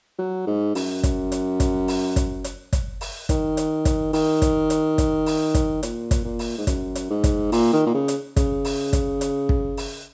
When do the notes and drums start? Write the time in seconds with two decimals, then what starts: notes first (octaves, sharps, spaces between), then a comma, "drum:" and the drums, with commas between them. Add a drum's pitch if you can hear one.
0.19 F#3
0.47 G#2
0.75 F#2, drum: open hi-hat
1.03 drum: kick, hi-hat
1.32 drum: hi-hat
1.60 drum: kick, hi-hat
1.88 drum: open hi-hat
2.16 drum: kick, hi-hat
2.44 drum: hi-hat
2.73 drum: kick, hi-hat
3.01 drum: open hi-hat
3.29 D#3, drum: kick, hi-hat
3.57 drum: hi-hat
3.85 drum: kick, hi-hat
4.13 D#3, drum: open hi-hat
4.42 drum: kick, hi-hat
4.70 drum: hi-hat
4.98 drum: kick, hi-hat
5.26 drum: open hi-hat
5.54 drum: kick, hi-hat
5.83 A#2, drum: hi-hat
6.11 drum: kick, hi-hat
6.25 A#2
6.39 drum: open hi-hat
6.58 G#2
6.67 F#2, drum: kick, hi-hat
6.95 drum: hi-hat
7.10 G#2
7.24 drum: kick, hi-hat
7.52 A#2, drum: open hi-hat
7.73 D#3
7.86 A#2
7.94 C#3
8.08 drum: hi-hat
8.37 C#3, drum: kick, hi-hat
8.65 drum: open hi-hat
8.93 drum: kick, hi-hat
9.21 drum: hi-hat
9.49 drum: kick
9.77 drum: open hi-hat